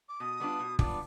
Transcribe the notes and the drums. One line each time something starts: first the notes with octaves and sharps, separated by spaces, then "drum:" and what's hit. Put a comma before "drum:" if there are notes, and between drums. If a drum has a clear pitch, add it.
D6
B2 D#6
G3 B3 D4 F4
B2
G3 B3 D4 F4, drum: kick